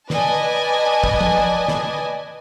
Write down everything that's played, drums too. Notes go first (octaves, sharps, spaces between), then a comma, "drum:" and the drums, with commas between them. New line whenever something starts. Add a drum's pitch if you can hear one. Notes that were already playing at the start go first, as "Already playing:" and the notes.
B4 D5 D#5 G#5 A5, drum: snare
drum: kick
drum: tom
drum: snare